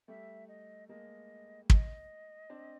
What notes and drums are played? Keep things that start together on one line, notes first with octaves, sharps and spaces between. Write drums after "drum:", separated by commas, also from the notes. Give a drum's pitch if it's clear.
G3 A3 E5
D#5
G#3 A#3 D#5
D#5, drum: kick
C4 D4